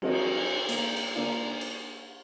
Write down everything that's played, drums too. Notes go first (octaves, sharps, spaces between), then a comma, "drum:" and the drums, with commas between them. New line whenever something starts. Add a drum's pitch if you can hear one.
F#3 G#3 C4 F#4 A#4 D#5, drum: cymbal
A#3, drum: hi-hat
drum: cymbal
A#3 D4 F4
drum: cymbal